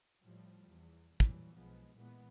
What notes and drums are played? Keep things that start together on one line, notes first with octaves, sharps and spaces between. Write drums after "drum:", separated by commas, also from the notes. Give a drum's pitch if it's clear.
A2 F3 G3
E2
A#2 E3 F#3 G3, drum: kick
B1 F3 G#3 B3
A#2 E3 G#3 B3